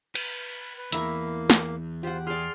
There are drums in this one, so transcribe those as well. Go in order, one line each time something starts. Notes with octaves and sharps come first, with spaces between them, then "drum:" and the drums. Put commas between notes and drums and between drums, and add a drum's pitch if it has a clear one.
B4, drum: cymbal
B4
E2 A#3 E4 A#5 C#6, drum: hi-hat
drum: snare
F4 G4 C5 F#5
G#4 D5 C6 F6